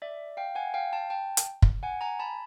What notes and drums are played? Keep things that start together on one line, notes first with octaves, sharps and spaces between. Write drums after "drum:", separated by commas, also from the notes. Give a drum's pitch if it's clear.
D5 E5
F5 G5
F#5 G#5
F5 G5
G5 A5
G5 A5
drum: hi-hat
drum: kick
F#5 G#5
G#5 A#5
A5 B5